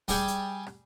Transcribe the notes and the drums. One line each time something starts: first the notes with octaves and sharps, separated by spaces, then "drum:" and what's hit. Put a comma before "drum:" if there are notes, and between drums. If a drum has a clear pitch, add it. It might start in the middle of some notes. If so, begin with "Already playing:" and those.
G3 G#4 D5 G5, drum: kick, open hi-hat
drum: hi-hat
drum: rim click